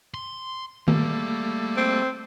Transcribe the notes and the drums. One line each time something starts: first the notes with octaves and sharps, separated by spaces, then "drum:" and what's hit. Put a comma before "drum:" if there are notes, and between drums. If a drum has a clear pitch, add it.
C6
G3 A3 A#3, drum: tom D#3
C4